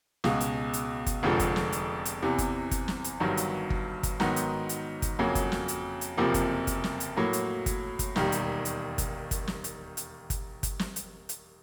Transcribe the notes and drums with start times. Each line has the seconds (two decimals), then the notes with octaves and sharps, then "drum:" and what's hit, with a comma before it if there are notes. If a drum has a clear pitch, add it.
0.24 C#2 B2 G#3, drum: snare
0.41 drum: hi-hat
0.73 drum: hi-hat
1.06 drum: kick G1, hi-hat
1.23 F1 F2 D3 F3 G#3
1.39 drum: kick G1, hi-hat
1.56 drum: snare
1.72 drum: hi-hat
2.05 drum: hi-hat
2.23 E2 C3 E3
2.38 drum: kick G1, hi-hat
2.71 drum: kick G1, hi-hat
2.88 drum: snare
3.04 drum: hi-hat
3.20 G1 G2 D#3 F#3
3.37 drum: hi-hat
3.70 drum: kick G1
4.03 drum: kick G1, hi-hat
4.20 G#2 D#3 F#3 B3 D#4, drum: snare
4.36 drum: hi-hat
4.69 drum: hi-hat
5.02 drum: kick G1, hi-hat
5.19 F2 C#3 F#3 A#3
5.35 drum: kick G1, hi-hat
5.52 drum: snare
5.68 drum: hi-hat
6.01 drum: hi-hat
6.17 F#1 F2 C3 F3 A#3
6.34 drum: kick G1, hi-hat
6.67 drum: kick G1, hi-hat
6.84 drum: snare
7.00 drum: hi-hat
7.17 A2 F#3 A#3
7.33 drum: hi-hat
7.66 drum: kick G1, hi-hat
7.99 drum: kick G1, hi-hat
8.16 E1 D#2 D#3 G3, drum: snare
8.32 drum: hi-hat
8.65 drum: hi-hat
8.98 drum: kick G1, hi-hat
9.31 drum: kick G1, hi-hat
9.48 drum: snare
9.64 drum: hi-hat
9.97 drum: hi-hat
10.30 drum: kick G1, hi-hat
10.63 drum: kick G1, hi-hat
10.79 drum: snare
10.96 drum: hi-hat
11.29 drum: hi-hat